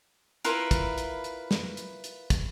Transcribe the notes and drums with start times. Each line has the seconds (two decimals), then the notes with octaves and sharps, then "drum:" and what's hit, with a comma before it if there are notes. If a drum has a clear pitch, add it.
0.44 E4 F4 A#4 B4, drum: hi-hat
0.71 drum: kick, hi-hat
0.98 drum: hi-hat
1.24 drum: hi-hat
1.51 drum: snare
1.77 drum: hi-hat
2.04 drum: hi-hat
2.30 drum: kick, hi-hat